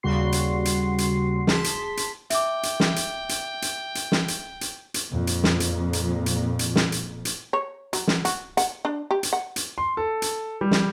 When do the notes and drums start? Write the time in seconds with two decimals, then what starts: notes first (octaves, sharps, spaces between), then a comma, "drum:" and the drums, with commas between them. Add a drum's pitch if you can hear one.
0.03 D#2 C#3 G3 F#4 C6 C7
0.32 drum: hi-hat
0.65 drum: hi-hat
0.98 drum: hi-hat
1.47 G#4 A5 C6 B6, drum: snare
1.64 drum: hi-hat
1.97 drum: hi-hat
2.30 E5 G5 D6, drum: hi-hat
2.63 drum: hi-hat
2.80 drum: snare
2.96 drum: hi-hat
3.29 drum: hi-hat
3.62 drum: hi-hat
3.95 drum: hi-hat
4.12 drum: snare
4.28 drum: hi-hat
4.61 drum: hi-hat
4.94 drum: hi-hat
5.10 F2 A#2
5.27 drum: hi-hat
5.44 drum: snare
5.60 drum: hi-hat
5.93 drum: hi-hat
6.26 drum: hi-hat
6.59 drum: hi-hat
6.76 drum: snare
6.92 drum: hi-hat
7.25 drum: hi-hat
7.53 C#5
7.93 F#3, drum: hi-hat
8.08 drum: snare
8.25 F#4, drum: hi-hat
8.57 F#5, drum: hi-hat
8.85 D4
9.11 G4
9.23 drum: hi-hat
9.33 F#5
9.56 drum: hi-hat
9.78 C6
9.97 A4
10.22 drum: hi-hat
10.61 G3
10.71 drum: snare